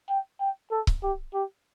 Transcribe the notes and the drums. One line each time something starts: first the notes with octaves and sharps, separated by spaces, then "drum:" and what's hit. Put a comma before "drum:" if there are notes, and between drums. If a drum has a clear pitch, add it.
G5
G5
A4
drum: kick C#1
G4
G4